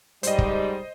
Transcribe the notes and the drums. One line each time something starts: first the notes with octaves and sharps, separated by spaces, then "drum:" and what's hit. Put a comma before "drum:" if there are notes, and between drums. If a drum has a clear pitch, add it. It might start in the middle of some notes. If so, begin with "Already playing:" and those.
G#2 G3 C5 D#5, drum: hi-hat
drum: kick